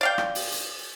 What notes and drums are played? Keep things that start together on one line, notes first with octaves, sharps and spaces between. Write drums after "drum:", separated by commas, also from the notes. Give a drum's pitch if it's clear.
D5 F5 G5
drum: rim click
drum: open hi-hat
drum: hi-hat